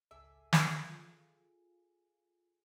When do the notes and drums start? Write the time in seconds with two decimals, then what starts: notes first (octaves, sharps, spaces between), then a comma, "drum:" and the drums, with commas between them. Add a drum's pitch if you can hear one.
0.11 G#1 C#2 G#4 A4 E5 D6
0.53 drum: snare
0.89 F4